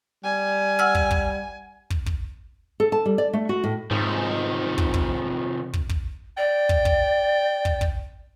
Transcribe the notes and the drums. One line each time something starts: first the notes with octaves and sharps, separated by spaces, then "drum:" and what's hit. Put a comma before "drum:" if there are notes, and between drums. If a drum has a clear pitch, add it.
G3 G#5
F#5 E6 F6
drum: kick
drum: kick
drum: kick
drum: kick
A4
A5
G3
D5
A3
F#4
A2
G#2 C3 D#3 F3
drum: kick
drum: kick
drum: kick
drum: kick
D5 G5
drum: kick
drum: kick
drum: kick
drum: kick